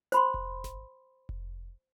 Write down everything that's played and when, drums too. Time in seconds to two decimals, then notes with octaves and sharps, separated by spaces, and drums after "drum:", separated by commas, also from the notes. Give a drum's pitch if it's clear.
0.12 C5 B5 C6, drum: hi-hat
0.34 drum: kick F1
0.64 drum: snare G#1
1.29 drum: kick F1